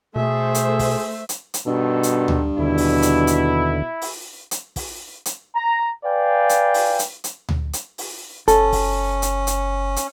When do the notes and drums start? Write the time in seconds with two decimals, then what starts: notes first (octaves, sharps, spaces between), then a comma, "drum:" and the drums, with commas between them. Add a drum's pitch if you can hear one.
0.16 B2 A3 G#4 C5 E5
0.55 drum: hi-hat
0.79 drum: kick, open hi-hat
1.29 drum: hi-hat
1.54 drum: hi-hat
1.67 G2 B2 D3 D#3 A4
2.03 drum: hi-hat
2.28 drum: tom D2
2.58 D#2 B2 D3 E4
2.78 drum: open hi-hat
3.02 drum: hi-hat
3.27 drum: hi-hat
4.02 drum: open hi-hat
4.51 drum: hi-hat
4.76 drum: kick, open hi-hat
5.25 drum: hi-hat
5.55 A#5
6.04 B4 D5 F5 G5 G#5
6.49 drum: hi-hat
6.74 drum: open hi-hat
6.99 drum: hi-hat
7.24 drum: hi-hat
7.49 drum: tom D2
7.73 drum: hi-hat
7.98 drum: open hi-hat
8.48 F#1 C#4 A4, drum: hi-hat
8.73 drum: kick, open hi-hat
9.22 drum: hi-hat
9.47 drum: hi-hat
9.96 drum: hi-hat